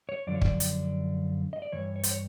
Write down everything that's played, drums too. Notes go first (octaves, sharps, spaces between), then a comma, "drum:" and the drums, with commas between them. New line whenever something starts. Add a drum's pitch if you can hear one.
C#5
F#2 D3 F3 D5
C#5
D5, drum: kick
drum: hi-hat
D#5
D5
G2 E3 C#5
C#5
C5, drum: hi-hat
C#5